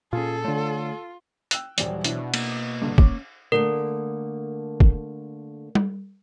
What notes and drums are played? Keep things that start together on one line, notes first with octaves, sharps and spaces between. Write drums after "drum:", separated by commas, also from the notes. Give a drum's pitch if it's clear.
A#2 C#4 F4 G#4 A4
D3 A3 F4 C#5
G5 E6 F#6, drum: hi-hat
D#1 E3 F#3 G3 C5 D5, drum: hi-hat
B2 D4 E4, drum: hi-hat
A#3, drum: cymbal
G2 D3
C#4 D6, drum: kick
D3 A3 A#3 A#4
drum: kick
drum: tom G3